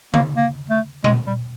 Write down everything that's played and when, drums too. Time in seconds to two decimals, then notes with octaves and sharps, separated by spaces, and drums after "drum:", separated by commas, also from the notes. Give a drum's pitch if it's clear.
0.14 A#3, drum: tom C#3
0.37 A#3
0.70 A3
1.04 G#3, drum: tom A#2
1.27 G3